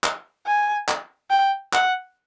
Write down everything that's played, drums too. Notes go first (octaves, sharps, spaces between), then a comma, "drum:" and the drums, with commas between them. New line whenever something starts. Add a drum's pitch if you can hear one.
drum: clap
G#5
drum: clap
G5
F#5, drum: clap